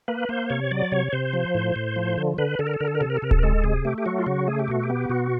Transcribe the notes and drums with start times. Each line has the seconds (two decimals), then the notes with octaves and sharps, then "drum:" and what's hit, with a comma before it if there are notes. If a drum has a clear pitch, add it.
0.08 A#3 B4
0.29 A#3 C5
0.50 C3 C#5
0.71 F#3 D5
0.92 C3 C#5
1.12 C3 C5
1.33 F3
1.54 A2
1.76 A2
1.96 F3
2.18 D3
2.38 D3 B4
2.59 D3 A4
2.67 A#4
2.74 A4
2.80 D3 A#4
2.87 A4
2.95 A#4
3.01 C3 A4
3.10 A#4
3.17 A4
3.22 C3 A#4
3.31 A4, drum: kick D1
3.38 A#4
3.43 G#3 A4
3.64 C3 G#4
3.85 A3 G4
3.98 G4
4.06 F#3 F#4
4.18 F4
4.26 C#3 F#4
4.48 A3 G#4
4.59 G4
4.68 B2 F#4
4.83 G4
4.89 B3
5.10 B2 F#4